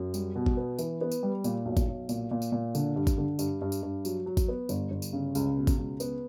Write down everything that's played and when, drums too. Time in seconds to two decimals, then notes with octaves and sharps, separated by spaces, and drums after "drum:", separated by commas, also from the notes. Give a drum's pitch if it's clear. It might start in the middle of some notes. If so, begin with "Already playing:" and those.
Already playing: F#2
0.14 G3, drum: tambourine
0.36 B2
0.46 drum: kick G#1
0.57 B3
0.79 E3, drum: tambourine
1.01 B3
1.12 drum: tambourine
1.23 G3
1.44 A#2, drum: tambourine
1.65 B1
1.77 drum: kick G#1, tambourine
1.88 B1
2.09 A#2, drum: tambourine
2.31 A#2
2.42 drum: tambourine
2.52 A#2
2.75 D3, drum: tambourine
2.96 G2
3.07 drum: kick G#1, tambourine
3.18 D3
3.39 G2, drum: tambourine
3.62 G2
3.72 drum: tambourine
3.83 G2
4.05 F#3, drum: tambourine
4.26 F#3
4.37 drum: kick G#1, tambourine
4.48 B3
4.69 G1, drum: tambourine
4.91 G1
5.02 drum: tambourine
5.13 C#3
5.35 C#2, drum: tambourine
5.56 B2
5.67 drum: kick G#1, tambourine
5.78 C#2
6.00 B3, drum: tambourine